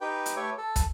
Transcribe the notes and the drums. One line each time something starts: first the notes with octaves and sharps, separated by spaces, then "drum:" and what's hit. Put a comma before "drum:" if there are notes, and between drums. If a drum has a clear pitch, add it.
D#4 G4 B4 G5
drum: hi-hat
A3 G4 B4 C#5 E5
A4
drum: kick, hi-hat